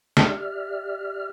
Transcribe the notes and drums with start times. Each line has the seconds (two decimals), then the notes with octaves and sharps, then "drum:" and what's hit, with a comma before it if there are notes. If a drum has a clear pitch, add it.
0.17 G4 D5 E5 F6, drum: snare